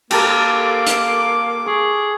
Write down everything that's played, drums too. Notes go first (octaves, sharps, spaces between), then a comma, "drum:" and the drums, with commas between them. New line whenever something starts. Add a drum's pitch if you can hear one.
A#3 G4 A4 A#4 D6, drum: cymbal
drum: hi-hat
G#4 C#6